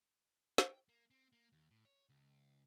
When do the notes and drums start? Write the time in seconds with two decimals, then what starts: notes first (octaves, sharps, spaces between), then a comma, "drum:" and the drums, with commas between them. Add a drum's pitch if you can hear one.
0.58 G5, drum: snare
0.89 A#3
1.11 C4
1.33 A#3
1.53 D#2
1.71 A2
1.85 C#5
2.09 C#2